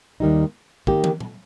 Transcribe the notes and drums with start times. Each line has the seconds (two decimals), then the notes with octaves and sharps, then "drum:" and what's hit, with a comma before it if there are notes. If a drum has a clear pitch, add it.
0.20 D#2 D#3 G3 D#4
0.87 D#3 A#3 G4, drum: kick
1.04 drum: tom
1.20 drum: tom